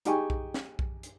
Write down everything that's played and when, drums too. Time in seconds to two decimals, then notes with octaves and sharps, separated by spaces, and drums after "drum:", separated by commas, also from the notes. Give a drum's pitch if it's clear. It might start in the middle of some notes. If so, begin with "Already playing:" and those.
0.05 D#4 G4 G#4 G5 G#5 C#6, drum: hi-hat
0.30 drum: kick B1
0.54 drum: snare
0.79 drum: kick B1
1.03 drum: hi-hat